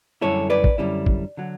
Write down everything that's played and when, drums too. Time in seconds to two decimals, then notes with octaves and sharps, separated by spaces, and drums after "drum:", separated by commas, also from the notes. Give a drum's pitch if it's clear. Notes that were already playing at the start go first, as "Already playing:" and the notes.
0.21 F#2 D3 G3 C#4 E4 A4 C#5
0.50 B4 D5
0.64 drum: kick
0.78 F#2 D3 G3 C#4 E4
1.06 drum: kick
1.37 D3 F#3